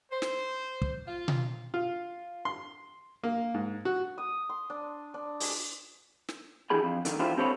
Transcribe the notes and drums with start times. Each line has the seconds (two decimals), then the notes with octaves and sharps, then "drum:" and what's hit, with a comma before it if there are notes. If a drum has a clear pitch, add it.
0.11 C5
0.22 drum: snare
0.82 drum: kick
1.07 F4
1.28 drum: tom B2
1.74 F4
2.45 C6
3.24 A#3
3.54 G#2
3.85 F#4
4.18 D#6
4.49 C6
4.70 D4
5.14 D4
5.40 G#3, drum: open hi-hat
6.28 drum: snare
6.70 E3 D4 G4 G#4 B5
6.83 F2
7.05 D3 D#3, drum: hi-hat
7.19 E3 D4 E4 F4 G4 C5
7.37 C4 G4 A4 C5 C#5 B5